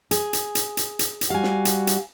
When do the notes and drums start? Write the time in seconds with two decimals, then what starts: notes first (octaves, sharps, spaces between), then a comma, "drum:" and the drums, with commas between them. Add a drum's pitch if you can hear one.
0.11 G#4, drum: hi-hat
0.33 drum: hi-hat
0.55 drum: hi-hat
0.77 drum: hi-hat
0.99 drum: hi-hat
1.21 drum: hi-hat
1.30 G3 F#4 F5 G#5
1.43 drum: snare
1.65 drum: hi-hat
1.87 drum: hi-hat